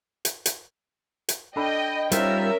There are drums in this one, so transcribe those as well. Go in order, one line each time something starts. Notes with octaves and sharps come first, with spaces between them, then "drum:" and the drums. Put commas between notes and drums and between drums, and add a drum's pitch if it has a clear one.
drum: hi-hat
drum: hi-hat
drum: hi-hat
D4 A4 D#5 G5 B5
G3 C#4 D#4 F4 A#4 C5 E5 G5, drum: hi-hat